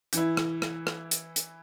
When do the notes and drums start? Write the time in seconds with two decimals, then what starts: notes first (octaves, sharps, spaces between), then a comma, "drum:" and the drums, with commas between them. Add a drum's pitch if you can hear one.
0.13 E3 E4, drum: hi-hat
0.37 drum: rim click
0.62 drum: rim click
0.87 drum: rim click
1.11 drum: hi-hat
1.36 drum: hi-hat